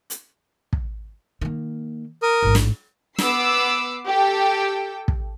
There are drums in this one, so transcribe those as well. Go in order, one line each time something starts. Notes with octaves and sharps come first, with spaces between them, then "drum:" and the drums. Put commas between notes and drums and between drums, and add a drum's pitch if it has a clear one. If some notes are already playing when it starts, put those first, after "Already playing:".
drum: hi-hat
drum: kick
D#3 A#3
A#4 D#6
A1 G#2
drum: snare
B3 D6 E6 C7, drum: snare
G4 A4 G5
drum: kick